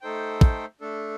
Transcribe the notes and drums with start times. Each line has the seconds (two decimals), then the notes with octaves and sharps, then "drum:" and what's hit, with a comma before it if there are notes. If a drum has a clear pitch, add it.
0.01 A3 D#4 A4 C5 G5
0.41 drum: kick
0.81 A3 D4 A4